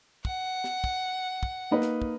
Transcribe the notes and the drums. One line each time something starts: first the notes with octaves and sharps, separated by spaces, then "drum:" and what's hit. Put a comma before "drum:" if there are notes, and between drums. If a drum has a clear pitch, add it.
F#5, drum: kick
drum: snare
drum: kick
drum: kick
A#3 D#4 B4
drum: snare
drum: kick